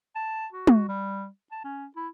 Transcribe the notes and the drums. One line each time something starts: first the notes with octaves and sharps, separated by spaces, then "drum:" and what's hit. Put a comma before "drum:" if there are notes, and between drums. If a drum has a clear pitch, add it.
A5
F#4
drum: tom
G3
A5
C#4
E4